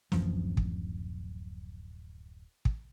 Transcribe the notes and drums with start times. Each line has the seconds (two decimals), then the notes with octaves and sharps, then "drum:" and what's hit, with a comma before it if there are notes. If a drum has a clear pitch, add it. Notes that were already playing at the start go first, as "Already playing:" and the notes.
0.12 D1 F#2 E3 F3, drum: snare
0.57 drum: kick
2.65 drum: kick